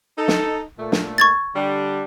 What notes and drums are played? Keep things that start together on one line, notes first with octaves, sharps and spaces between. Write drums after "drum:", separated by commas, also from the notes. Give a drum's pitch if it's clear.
D#4 A4
drum: snare
A#2 A3
drum: snare
C#6 G#6 A6
D3 G3 D4